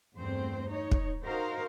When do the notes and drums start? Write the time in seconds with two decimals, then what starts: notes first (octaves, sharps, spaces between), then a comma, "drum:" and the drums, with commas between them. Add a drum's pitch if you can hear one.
0.15 E2 G2 A3 C4 C5
0.67 D#4 C#5
0.91 drum: kick
1.25 D#4 F#4 A#4 C5 F5